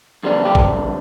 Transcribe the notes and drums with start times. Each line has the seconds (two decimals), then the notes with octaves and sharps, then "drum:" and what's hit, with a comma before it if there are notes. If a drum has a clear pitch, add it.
0.23 F2 D3 G3 D4
0.45 G4
0.55 drum: kick